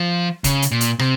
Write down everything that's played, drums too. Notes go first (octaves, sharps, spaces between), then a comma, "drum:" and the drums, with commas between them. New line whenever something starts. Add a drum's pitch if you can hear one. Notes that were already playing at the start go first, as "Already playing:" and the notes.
Already playing: F3
C#3, drum: kick, hi-hat
drum: hi-hat
A#2
drum: hi-hat
C3, drum: rim click